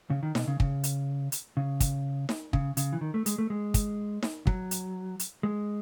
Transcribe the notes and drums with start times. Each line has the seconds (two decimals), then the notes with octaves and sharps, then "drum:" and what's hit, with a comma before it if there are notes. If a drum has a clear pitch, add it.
0.10 C#3
0.23 D#3
0.35 B2, drum: snare D#4
0.47 C#3
0.60 C#3, drum: kick
0.84 drum: hi-hat
1.32 drum: hi-hat
1.57 C#3
1.80 drum: kick, hi-hat
2.29 drum: snare D#4
2.53 C#3, drum: kick
2.77 C#3, drum: hi-hat
2.93 E3
3.01 D#3
3.14 A3
3.26 G#3, drum: hi-hat
3.38 A3
3.50 G#3
3.74 drum: kick, hi-hat
4.23 drum: snare D#4
4.47 F#3, drum: kick
4.71 drum: hi-hat
5.19 drum: hi-hat
5.43 G#3